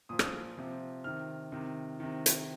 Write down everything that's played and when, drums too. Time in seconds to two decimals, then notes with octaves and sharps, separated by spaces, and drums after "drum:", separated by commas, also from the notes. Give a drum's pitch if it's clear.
0.09 A#2 F3 D#6
0.19 drum: rim click
0.57 C3 F3
1.04 C3 D#3 F6
1.52 C3 D#3
2.00 C3 D#3
2.26 drum: hi-hat